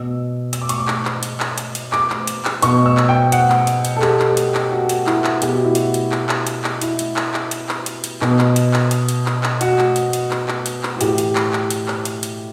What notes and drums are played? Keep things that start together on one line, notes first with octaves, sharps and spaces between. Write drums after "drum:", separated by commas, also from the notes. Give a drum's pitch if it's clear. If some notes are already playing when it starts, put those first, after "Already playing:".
Already playing: B2 E6
E6, drum: hi-hat
D6
C#6, drum: hi-hat
D6
drum: clap
drum: clap
drum: hi-hat
drum: clap
drum: hi-hat
drum: hi-hat
D6, drum: clap
drum: clap
drum: hi-hat
drum: clap
B2 C#6, drum: hi-hat
E6
drum: clap
G5
F#5, drum: hi-hat
drum: clap
drum: hi-hat
drum: hi-hat
A4
G4, drum: clap
drum: clap
drum: hi-hat
drum: clap
F#4
drum: hi-hat
E4, drum: clap
drum: clap
B2 G4, drum: hi-hat
F#4
E4
F#4, drum: hi-hat
drum: hi-hat
drum: clap
drum: clap
drum: hi-hat
drum: clap
E4, drum: hi-hat
drum: hi-hat
drum: clap
drum: clap
drum: hi-hat
drum: clap
drum: hi-hat
drum: hi-hat
B2, drum: clap
drum: clap
drum: hi-hat
drum: clap
drum: hi-hat
drum: hi-hat
drum: clap
drum: clap
F#4, drum: hi-hat
drum: clap
drum: hi-hat
drum: hi-hat
drum: clap
drum: clap
drum: hi-hat
drum: clap
F#4
A2 E3 G4, drum: hi-hat
drum: hi-hat
drum: clap
drum: clap
drum: hi-hat
drum: clap
drum: hi-hat
drum: hi-hat